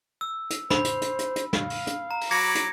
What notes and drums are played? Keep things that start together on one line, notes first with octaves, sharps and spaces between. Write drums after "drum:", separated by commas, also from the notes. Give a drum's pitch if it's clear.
E6
drum: hi-hat
C5 B5, drum: snare
drum: hi-hat
drum: hi-hat
drum: hi-hat
drum: hi-hat
F5, drum: snare
drum: open hi-hat
drum: hi-hat
A#5
drum: open hi-hat
F#3 B5 D6 G#6 A#6 C#7
drum: hi-hat